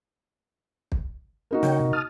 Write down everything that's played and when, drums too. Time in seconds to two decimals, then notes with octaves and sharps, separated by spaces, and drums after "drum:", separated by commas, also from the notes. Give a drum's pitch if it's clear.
0.92 drum: kick
1.51 A#3 D#4 F#4
1.63 C#3 C#5 G5, drum: snare
1.81 C3
1.93 A5 D#6 F6